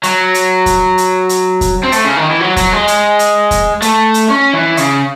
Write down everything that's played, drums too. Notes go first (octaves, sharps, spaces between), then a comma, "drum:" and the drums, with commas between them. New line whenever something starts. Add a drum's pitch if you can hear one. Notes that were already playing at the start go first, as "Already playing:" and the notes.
F#3, drum: hi-hat
drum: hi-hat
drum: kick E2, hi-hat
drum: hi-hat
drum: hi-hat
drum: kick E2, hi-hat
C4
A3, drum: hi-hat
C#3
D#3
E3
F#3
F#3, drum: kick E2, hi-hat
G#3
drum: hi-hat
drum: hi-hat
drum: kick E2, hi-hat
A3, drum: hi-hat
drum: hi-hat
C#4
E3
C#3, drum: hi-hat